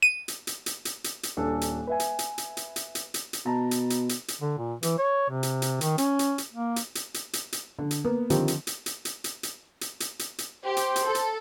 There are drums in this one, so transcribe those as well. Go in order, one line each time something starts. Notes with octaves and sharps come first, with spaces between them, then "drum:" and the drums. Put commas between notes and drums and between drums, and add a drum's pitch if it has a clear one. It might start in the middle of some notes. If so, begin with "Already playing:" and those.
D#7
drum: hi-hat
drum: hi-hat
drum: hi-hat
drum: hi-hat
drum: hi-hat
drum: hi-hat
D#1 D4 A4
drum: hi-hat
B4 E5 G#5
drum: hi-hat
drum: hi-hat
drum: hi-hat
drum: hi-hat
drum: hi-hat
drum: hi-hat
drum: hi-hat
drum: hi-hat
B2 A5 A#5
drum: hi-hat
drum: hi-hat
drum: hi-hat
drum: hi-hat
D3
A#2
E3, drum: hi-hat
C#5
C3
drum: hi-hat
drum: hi-hat
D#3, drum: hi-hat
C#4, drum: hi-hat
drum: hi-hat
drum: hi-hat
A#3
drum: hi-hat
drum: hi-hat
drum: hi-hat
drum: hi-hat
drum: hi-hat
D3
drum: hi-hat
A#3 B3
D3 D#3 F3 C4 G4, drum: hi-hat
drum: hi-hat
drum: hi-hat
drum: hi-hat
drum: hi-hat
drum: hi-hat
drum: hi-hat
drum: hi-hat
drum: hi-hat
drum: hi-hat
drum: hi-hat
G4 C5
drum: hi-hat
drum: hi-hat
A4
drum: hi-hat